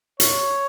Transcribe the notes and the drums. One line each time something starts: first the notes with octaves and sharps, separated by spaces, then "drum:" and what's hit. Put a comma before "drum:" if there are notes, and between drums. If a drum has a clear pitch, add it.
C#5, drum: hi-hat